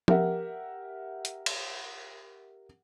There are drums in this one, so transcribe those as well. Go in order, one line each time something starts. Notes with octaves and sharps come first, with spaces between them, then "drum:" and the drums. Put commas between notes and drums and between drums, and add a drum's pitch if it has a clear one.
G4 A#4 E5 F#5, drum: tom F3
drum: hi-hat
drum: cymbal